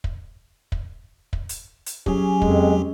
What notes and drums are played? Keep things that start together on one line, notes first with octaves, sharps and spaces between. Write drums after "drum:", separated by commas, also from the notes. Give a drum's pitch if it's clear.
drum: kick
drum: kick
drum: kick
drum: hi-hat
drum: hi-hat
F#3 C#4 G4 G#4 G#5, drum: kick
F2 G#3, drum: kick